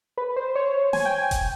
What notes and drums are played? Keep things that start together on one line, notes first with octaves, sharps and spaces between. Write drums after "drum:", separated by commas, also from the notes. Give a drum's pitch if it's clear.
B4
C5
C#5
G#5, drum: snare
G5
G#5
drum: kick E1, hi-hat